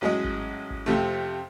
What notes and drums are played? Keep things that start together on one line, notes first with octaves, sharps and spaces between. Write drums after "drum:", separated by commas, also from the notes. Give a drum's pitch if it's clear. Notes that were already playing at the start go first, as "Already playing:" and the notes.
A1 F#3 G#3 D#5
drum: kick G#1
drum: kick G#1
F2 C3 A3